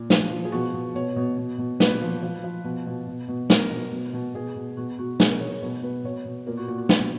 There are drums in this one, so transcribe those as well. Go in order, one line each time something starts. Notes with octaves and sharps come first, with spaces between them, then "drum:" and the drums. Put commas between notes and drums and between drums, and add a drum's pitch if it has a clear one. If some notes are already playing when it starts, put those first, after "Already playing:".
Already playing: A#2
F3, drum: snare
F3
G#4
B2 F#4
B2
B2 C#5
B2
B2
B2
A#2 B4, drum: snare
F3
F3
F3
B2
B2
B2
B2
B2 A#4, drum: snare
B2
B2
B2
B2 G#4
B2
B2 F#4
B2 F#4
B2 G#4, drum: snare
A#4
B2 C#5
C#5
B2 B4
B2 B4
B2 C#5
B2
A#2 A#4
F#4
A#2 F#4
F#4
B2, drum: snare